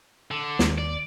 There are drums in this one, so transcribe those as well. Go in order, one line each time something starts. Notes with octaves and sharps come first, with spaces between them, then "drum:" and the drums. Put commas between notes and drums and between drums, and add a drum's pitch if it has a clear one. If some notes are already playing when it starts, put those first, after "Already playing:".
D3
D#2, drum: snare
D5